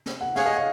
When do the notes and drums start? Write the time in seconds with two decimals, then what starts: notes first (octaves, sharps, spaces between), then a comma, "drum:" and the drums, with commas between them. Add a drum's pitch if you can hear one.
0.06 drum: snare
0.21 F#5
0.36 G#4 C#5 F5 F#5, drum: snare
0.46 D#5
0.56 F5